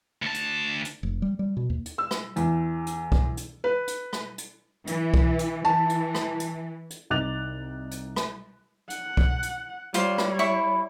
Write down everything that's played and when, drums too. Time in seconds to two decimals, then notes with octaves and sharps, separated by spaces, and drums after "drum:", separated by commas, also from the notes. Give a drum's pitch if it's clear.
0.22 D2 A5
0.34 drum: hi-hat
0.85 drum: hi-hat
1.03 F1
1.22 G3
1.39 G3
1.57 B2
1.70 D#2
1.86 drum: hi-hat
1.98 E6
2.11 drum: rim click
2.36 E2, drum: hi-hat
2.87 drum: hi-hat
3.12 drum: kick C2
3.37 drum: hi-hat
3.64 B4
3.87 drum: hi-hat
4.13 drum: rim click
4.38 drum: hi-hat
4.87 E3, drum: hi-hat
5.14 drum: kick C2
5.39 drum: hi-hat
5.65 E3 A5
5.89 drum: hi-hat
6.15 drum: rim click
6.40 drum: hi-hat
6.90 drum: hi-hat
7.10 C2 D#4 D6 F#6 A6 F7
7.91 drum: hi-hat
8.16 drum: rim click
8.90 F#5, drum: hi-hat
9.17 drum: kick C2
9.43 drum: hi-hat
9.94 G3 F4 C5 C#5, drum: hi-hat
10.18 drum: rim click
10.39 E4 B5 C#6